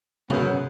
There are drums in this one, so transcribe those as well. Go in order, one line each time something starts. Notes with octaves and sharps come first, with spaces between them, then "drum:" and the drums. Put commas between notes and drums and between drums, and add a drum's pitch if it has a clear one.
F#2 C#3 F#3 B3, drum: tom C3